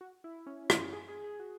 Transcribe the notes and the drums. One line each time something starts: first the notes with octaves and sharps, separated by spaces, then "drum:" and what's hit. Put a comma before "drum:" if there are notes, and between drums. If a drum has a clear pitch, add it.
F#4
E4
C#4
drum: rim click
G#4
G#4
G#4
F#4